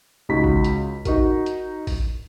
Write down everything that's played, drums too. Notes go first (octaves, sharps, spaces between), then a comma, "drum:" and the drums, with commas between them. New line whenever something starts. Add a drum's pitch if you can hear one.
C#2 D#4 F#4 B6
drum: kick A1
drum: hi-hat
D#4 F#4 A#4, drum: kick A1, hi-hat
drum: hi-hat
drum: kick A1, open hi-hat